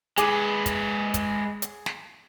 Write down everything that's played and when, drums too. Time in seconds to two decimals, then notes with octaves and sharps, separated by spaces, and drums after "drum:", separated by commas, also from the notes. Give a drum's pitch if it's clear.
0.18 G#3 G#4 B4 D6, drum: hi-hat
0.66 drum: kick, hi-hat
1.14 drum: kick, hi-hat
1.62 drum: hi-hat
1.86 drum: snare